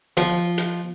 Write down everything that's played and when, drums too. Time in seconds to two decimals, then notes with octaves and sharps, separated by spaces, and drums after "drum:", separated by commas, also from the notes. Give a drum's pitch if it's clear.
0.17 F3, drum: hi-hat
0.58 drum: hi-hat